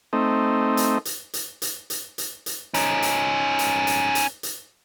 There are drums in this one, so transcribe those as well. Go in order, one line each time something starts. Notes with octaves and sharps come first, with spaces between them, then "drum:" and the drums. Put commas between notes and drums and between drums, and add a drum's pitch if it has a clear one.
A3 C4 D#4
drum: hi-hat
drum: hi-hat
drum: hi-hat
drum: hi-hat
drum: hi-hat
drum: hi-hat
drum: hi-hat
C#4 D#4, drum: hi-hat
drum: hi-hat
drum: hi-hat
drum: hi-hat
drum: hi-hat
drum: hi-hat